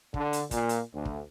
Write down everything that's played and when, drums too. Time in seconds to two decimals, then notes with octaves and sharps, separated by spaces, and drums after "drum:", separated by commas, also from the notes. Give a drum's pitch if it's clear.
0.14 D3, drum: kick
0.33 drum: hi-hat
0.51 A#2, drum: kick, hi-hat
0.69 drum: hi-hat
0.93 D2
1.05 drum: kick